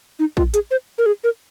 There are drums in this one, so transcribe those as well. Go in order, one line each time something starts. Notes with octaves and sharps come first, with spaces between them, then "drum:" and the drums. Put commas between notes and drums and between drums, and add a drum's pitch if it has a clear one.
D#4
F4, drum: kick
G#4, drum: hi-hat
C5
A#4
G#4
A#4